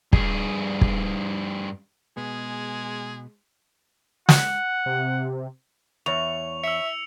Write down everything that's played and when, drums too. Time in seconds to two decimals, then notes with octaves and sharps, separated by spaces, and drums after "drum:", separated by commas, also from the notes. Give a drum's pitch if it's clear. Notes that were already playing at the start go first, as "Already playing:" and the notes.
0.13 G2 G#4, drum: kick
0.81 drum: kick
2.17 B2 G#3 B3 G#4
4.29 F#5, drum: snare
4.86 C3
6.06 E2 C#5 C#6 F7
6.64 E5 E6 C#7